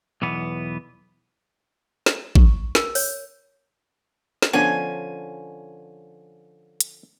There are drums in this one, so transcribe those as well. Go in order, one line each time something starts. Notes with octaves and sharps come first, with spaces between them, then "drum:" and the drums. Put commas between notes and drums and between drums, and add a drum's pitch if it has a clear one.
B1 E2 E3 B3
drum: snare
C#6, drum: kick A1
A#4, drum: snare
C#5, drum: open hi-hat
drum: snare
D3 F3 B3 C#4 D4 G#5
drum: hi-hat